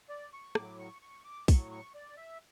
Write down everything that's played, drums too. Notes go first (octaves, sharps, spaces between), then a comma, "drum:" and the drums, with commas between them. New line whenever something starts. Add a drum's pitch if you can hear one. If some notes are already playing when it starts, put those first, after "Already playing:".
D5
C#6
A2 F#3 D6, drum: rim click
C#6
C#6
D6
A2 F#3 C#6, drum: kick B1, open hi-hat
C#6
D5
E5